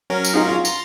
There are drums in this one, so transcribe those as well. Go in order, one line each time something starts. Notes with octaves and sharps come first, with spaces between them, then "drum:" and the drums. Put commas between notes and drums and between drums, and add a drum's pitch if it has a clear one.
F#3 C#4 A#4
drum: tambourine
D#4 F4 G#4
F4
A#5 C6 A6, drum: tambourine